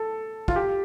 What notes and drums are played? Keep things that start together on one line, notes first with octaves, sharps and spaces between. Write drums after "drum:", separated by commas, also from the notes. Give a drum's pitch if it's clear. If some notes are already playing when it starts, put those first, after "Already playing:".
Already playing: A4
F4, drum: kick
G4